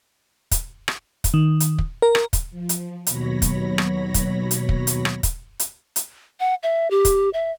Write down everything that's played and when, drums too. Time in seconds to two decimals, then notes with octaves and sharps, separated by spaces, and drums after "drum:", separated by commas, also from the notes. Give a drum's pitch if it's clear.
0.51 drum: kick, hi-hat
0.88 drum: rim click
1.24 drum: kick, hi-hat
1.34 D#3
1.60 drum: hi-hat
1.78 drum: kick
2.02 A#4
2.15 drum: rim click
2.33 drum: kick, hi-hat
2.51 F3
2.69 drum: hi-hat
3.07 D#2 B2 F#3 C#5 B5 A#6, drum: hi-hat
3.42 drum: kick, hi-hat
3.78 drum: rim click
4.14 drum: kick, hi-hat
4.51 drum: hi-hat
4.69 drum: kick
4.87 drum: hi-hat
5.05 drum: rim click
5.23 drum: kick, hi-hat
5.59 drum: hi-hat
5.96 drum: hi-hat
6.40 F#5
6.63 E5
6.91 G4
7.05 drum: kick, hi-hat
7.33 E5